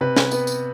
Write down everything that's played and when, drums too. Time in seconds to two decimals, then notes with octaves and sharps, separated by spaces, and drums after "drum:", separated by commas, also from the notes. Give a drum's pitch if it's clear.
0.01 C3 B4
0.16 drum: snare
0.31 B3, drum: tambourine
0.47 drum: tambourine